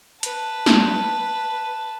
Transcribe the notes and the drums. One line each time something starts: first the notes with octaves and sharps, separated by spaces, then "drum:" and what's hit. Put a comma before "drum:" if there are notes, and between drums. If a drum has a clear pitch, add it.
B4 A5, drum: hi-hat
drum: snare